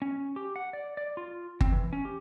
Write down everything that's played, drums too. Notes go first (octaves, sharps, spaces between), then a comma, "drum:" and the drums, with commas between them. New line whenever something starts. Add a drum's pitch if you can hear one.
C#4
G4
F#5
D5
D5
F4
C4, drum: kick G1
E3
C#4
G4